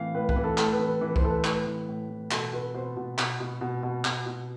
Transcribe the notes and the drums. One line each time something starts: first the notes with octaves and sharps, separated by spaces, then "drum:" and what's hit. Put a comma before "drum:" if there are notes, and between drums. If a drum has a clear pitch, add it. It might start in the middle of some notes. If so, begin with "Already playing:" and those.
Already playing: A2 E3 F5
A2 B4
B4, drum: kick C2
E3
A4
A2 A4, drum: clap
B4
E3
B4
E3 B4
C5, drum: kick C2
E3 A4
B4
A2 B4, drum: clap
E3
A2
E3
B2 A4, drum: clap
B2 B4
B2 C5
B2
B2, drum: clap
B2
B2
B2
B2, drum: clap
B2